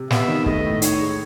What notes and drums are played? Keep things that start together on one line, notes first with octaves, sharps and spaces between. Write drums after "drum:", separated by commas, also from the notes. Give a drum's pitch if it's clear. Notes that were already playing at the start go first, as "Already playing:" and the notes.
Already playing: C3
B3 E5, drum: snare
D#3
A3 D#5, drum: kick
A2
D#4 C#5, drum: hi-hat
G#3